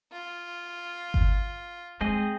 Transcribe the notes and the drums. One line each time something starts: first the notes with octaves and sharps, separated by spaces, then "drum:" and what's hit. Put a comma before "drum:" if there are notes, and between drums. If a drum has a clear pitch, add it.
F4
drum: kick G1
G#3 C4 G#4 D#5